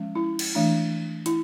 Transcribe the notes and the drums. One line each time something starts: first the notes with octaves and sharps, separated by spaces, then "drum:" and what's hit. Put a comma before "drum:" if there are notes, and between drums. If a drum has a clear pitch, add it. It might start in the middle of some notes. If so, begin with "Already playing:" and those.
Already playing: F3 G#3 C#4
E4
drum: cymbal
E3 A3 D4
E4, drum: hi-hat